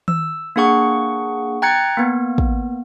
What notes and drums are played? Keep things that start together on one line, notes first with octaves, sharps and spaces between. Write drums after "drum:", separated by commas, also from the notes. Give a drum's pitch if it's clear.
E6, drum: tom D#3
A#3 D4 G#4 F#5 C#6
G5 A#5 F#6 G#6 A6 C#7
A#3 B3
drum: kick